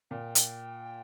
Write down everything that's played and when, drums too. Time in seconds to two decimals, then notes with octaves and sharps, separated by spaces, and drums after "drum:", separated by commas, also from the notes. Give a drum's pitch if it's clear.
0.11 A#2 G5
0.35 drum: hi-hat